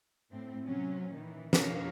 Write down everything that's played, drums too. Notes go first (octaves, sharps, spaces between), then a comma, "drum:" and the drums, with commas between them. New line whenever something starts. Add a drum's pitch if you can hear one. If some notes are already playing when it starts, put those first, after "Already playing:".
A2 C4
C3 F#3 C4 C#4
A#2 D#3 E3
F2 B2 A#4 C#5 F5, drum: snare